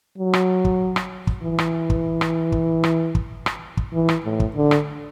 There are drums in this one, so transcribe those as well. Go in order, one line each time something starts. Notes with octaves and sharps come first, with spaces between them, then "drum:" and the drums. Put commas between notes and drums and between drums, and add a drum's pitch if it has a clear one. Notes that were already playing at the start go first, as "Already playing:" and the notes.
F#3
drum: rim click
drum: kick
drum: rim click
drum: kick
E3
drum: rim click
drum: kick
drum: rim click
drum: kick
drum: rim click
drum: kick
drum: rim click
drum: kick
E3
drum: rim click
A2
drum: kick
D3
drum: rim click